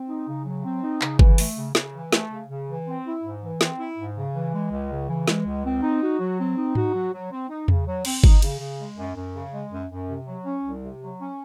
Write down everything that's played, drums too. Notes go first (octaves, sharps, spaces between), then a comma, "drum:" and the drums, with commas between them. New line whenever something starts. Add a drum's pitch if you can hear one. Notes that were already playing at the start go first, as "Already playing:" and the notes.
Already playing: C4
D#4
C#3
F#3
C4
D#4
C#3, drum: clap
E3, drum: kick G1
A3, drum: open hi-hat
C#3
C#3, drum: snare
E3
A3, drum: snare
C#3
C#3
E3
C4
E4
G#2
E3
C4, drum: snare
E4
G#2
C#3
E3
G#3
C#2
C#3
E3
G#3, drum: snare
C#2
C4
D#4
F#4
F#3
C4
D#4
F#4, drum: tom G#2
F#3
F#3
C4
D#4
C#3, drum: tom E2
F#3
C4, drum: cymbal
D#4, drum: kick G1
C#3, drum: cymbal
C#3
G#3
F#2
F#2
C#3
G#3
F#2
F#2
C3
F#3
C#4
C2
C3
F#3
C#4